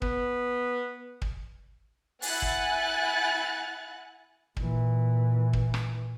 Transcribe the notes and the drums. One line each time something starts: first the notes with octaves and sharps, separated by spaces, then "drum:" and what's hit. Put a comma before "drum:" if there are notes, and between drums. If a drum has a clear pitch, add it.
B3, drum: kick
drum: kick
E4 F#5 G#5 F#6 A6, drum: open hi-hat
drum: kick
A#2 E3, drum: kick
drum: kick
drum: rim click